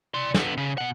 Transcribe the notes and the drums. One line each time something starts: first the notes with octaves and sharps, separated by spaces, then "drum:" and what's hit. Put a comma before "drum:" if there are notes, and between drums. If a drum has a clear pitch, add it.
D5 C6
D3 B3, drum: snare
C#3
B2 F#5